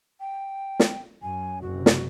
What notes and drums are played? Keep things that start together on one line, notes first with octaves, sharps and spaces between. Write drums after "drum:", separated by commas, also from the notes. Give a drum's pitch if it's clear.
G5
drum: snare
F#2 G#5
F#1 F#2 C3 F#4
drum: snare